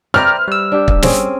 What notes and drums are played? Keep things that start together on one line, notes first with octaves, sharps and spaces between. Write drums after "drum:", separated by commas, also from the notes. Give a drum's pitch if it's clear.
B4 C5 D5 E5 G5 A#5 F6
G3 E6
D4 G4
drum: kick
C4 C#4 G#4, drum: snare